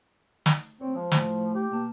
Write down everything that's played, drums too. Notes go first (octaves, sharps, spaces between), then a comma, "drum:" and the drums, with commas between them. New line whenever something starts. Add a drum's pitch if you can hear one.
drum: snare
D2 C4 C#5
F3 G#3
A2 A3, drum: snare
G4
B2 A#3 A5